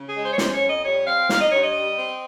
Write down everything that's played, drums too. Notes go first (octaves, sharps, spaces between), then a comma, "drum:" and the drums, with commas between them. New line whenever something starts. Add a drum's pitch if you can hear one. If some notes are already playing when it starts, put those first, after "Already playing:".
Already playing: C#3
G#4
G#3
C5
C#5
C#4 C5, drum: snare
C#5
F2
D#5
G3 C#5
C4 F5
D#4 F5, drum: snare
D#5
G2 C#5
D#5
G3
C4